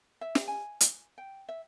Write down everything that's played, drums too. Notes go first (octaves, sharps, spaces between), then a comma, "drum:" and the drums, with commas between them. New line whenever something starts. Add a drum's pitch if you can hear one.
E5
drum: snare
G#5
drum: hi-hat
G5
E5